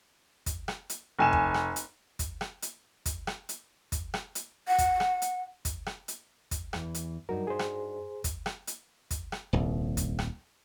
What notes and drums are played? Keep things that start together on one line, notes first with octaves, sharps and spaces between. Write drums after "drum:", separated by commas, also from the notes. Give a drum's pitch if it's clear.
drum: kick, hi-hat
drum: rim click
drum: hi-hat
F1 G#5 E7
drum: kick
drum: rim click
drum: hi-hat
drum: kick, hi-hat
drum: rim click
drum: hi-hat
drum: kick, hi-hat
drum: rim click
drum: hi-hat
drum: kick, hi-hat
drum: rim click
drum: hi-hat
F#5
drum: kick, hi-hat
drum: rim click
drum: hi-hat
drum: kick, hi-hat
drum: rim click
drum: hi-hat
drum: kick, hi-hat
E2 E3, drum: rim click
drum: hi-hat
G2 F#3 D#4 F#4 A#4
G#4 C5
drum: rim click
drum: kick, hi-hat
drum: rim click
drum: hi-hat
drum: kick, hi-hat
drum: rim click
D#1 C2
drum: kick, hi-hat
drum: rim click